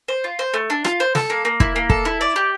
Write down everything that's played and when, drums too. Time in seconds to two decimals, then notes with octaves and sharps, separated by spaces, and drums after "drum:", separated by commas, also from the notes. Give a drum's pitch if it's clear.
0.08 C5
0.24 F4
0.39 C5
0.54 A3
0.70 D4
0.85 F4, drum: rim click
1.00 C5
1.15 A4, drum: snare
1.30 A#3
1.45 A#3
1.60 E4, drum: kick
1.76 A#3
1.90 A4, drum: kick
2.05 E4
2.21 D5
2.36 G4